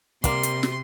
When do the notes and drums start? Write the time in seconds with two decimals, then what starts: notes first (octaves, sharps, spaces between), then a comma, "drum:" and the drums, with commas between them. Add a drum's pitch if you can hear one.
0.24 C3 G3 A#3 C6, drum: kick, hi-hat
0.43 drum: hi-hat
0.63 drum: snare